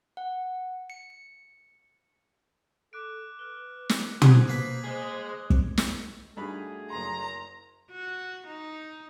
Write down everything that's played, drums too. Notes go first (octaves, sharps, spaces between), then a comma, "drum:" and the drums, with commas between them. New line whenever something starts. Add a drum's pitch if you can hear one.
F#5
C#7
C#7
A4 D6 F#6 D7
B4 F6 F#6 G7
drum: snare
C5 D#6 F#6 G#6, drum: tom
A#3 B4 F6
G#4 D#5
drum: kick
drum: snare
G2 A3 D#4 F#4 G#4 B5
F#1 A#5 C6
F#4
D#4